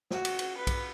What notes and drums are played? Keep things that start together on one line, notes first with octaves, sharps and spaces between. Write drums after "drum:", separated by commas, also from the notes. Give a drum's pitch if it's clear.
F#4, drum: snare
drum: cymbal
drum: cymbal
B4
drum: kick B1, cymbal